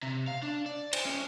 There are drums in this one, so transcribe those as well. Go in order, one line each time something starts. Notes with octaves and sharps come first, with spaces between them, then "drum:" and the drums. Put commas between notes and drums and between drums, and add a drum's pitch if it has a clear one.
C3
F5
D4
D5
C5, drum: cymbal
C#4